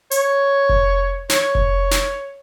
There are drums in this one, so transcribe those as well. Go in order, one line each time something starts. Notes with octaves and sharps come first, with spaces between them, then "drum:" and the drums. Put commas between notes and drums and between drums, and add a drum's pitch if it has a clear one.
C#5, drum: hi-hat
drum: kick F1
C#5, drum: snare
drum: kick F1
drum: snare